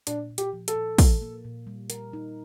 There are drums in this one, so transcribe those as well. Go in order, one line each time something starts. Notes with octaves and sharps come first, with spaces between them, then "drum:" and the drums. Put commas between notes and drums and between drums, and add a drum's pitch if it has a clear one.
A#2 D4, drum: hi-hat
A#2
G4, drum: hi-hat
F3
A4, drum: hi-hat
A#2
A#2, drum: kick, open hi-hat
A#3
A#2
G3
A#4, drum: hi-hat
D#4